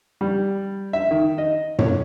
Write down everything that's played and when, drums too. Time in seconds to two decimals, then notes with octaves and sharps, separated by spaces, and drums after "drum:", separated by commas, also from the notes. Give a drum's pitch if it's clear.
0.21 G3
0.93 E5
1.11 D#3
1.38 D#5
1.79 C#5, drum: tom F#2